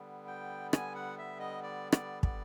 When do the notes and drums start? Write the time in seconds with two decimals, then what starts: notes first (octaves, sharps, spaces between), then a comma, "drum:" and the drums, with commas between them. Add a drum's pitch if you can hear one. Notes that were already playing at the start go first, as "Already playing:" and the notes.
Already playing: D3 G3 B3
0.27 G5
0.73 G#5, drum: rim click
0.95 F#5
1.18 E5
1.40 D#5
1.63 D5
1.92 D5, drum: rim click
2.23 D5, drum: kick